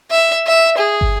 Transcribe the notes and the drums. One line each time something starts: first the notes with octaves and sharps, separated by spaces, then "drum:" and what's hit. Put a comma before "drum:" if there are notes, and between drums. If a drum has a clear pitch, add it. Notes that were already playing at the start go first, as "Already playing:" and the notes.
E5
E5
G#4
drum: kick